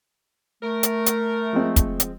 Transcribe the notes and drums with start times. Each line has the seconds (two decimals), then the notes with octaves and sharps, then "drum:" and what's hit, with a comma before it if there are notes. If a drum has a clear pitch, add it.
0.63 A3 A#4
0.83 drum: hi-hat
1.06 drum: hi-hat
1.53 F3 G#3 C4
1.76 drum: kick, hi-hat
2.00 drum: hi-hat